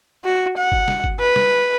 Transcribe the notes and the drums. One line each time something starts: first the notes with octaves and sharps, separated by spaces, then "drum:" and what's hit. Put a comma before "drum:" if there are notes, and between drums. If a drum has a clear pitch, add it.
F#4
F#5
drum: kick G1
drum: snare
drum: kick G1
B4
drum: snare